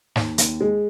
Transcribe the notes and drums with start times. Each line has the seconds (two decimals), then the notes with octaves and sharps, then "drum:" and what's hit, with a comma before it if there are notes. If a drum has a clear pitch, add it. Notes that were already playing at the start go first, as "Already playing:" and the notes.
0.16 D#2, drum: snare
0.38 D#2, drum: hi-hat
0.61 G#3